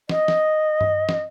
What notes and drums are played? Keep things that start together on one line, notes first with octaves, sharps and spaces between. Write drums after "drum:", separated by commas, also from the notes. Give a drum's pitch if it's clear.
D#5, drum: snare
drum: snare
drum: tom G2
drum: snare